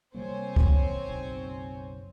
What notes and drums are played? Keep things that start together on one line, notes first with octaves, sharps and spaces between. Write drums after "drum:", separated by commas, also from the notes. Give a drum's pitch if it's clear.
C3 G3 A#3 C4 C5 C#5 G#5
drum: kick
F#1 B1